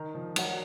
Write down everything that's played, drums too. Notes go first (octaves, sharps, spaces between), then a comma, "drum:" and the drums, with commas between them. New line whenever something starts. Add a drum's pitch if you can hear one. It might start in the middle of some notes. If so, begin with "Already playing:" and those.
Already playing: D#3 A#4 A#5
F3
F#3 A#4 C#5 F#5, drum: cymbal